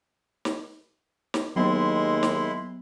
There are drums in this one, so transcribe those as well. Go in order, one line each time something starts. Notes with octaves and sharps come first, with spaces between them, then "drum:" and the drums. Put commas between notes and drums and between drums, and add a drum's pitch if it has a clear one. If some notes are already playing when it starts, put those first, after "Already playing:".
drum: snare
drum: snare
D#2 F#3 G#3 B3 E4 C6
drum: snare